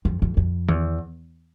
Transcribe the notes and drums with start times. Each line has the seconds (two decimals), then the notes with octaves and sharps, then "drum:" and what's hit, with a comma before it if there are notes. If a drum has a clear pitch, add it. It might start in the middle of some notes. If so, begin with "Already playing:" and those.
0.05 F2
0.22 F2
0.37 F2
0.69 E2, drum: tom D#3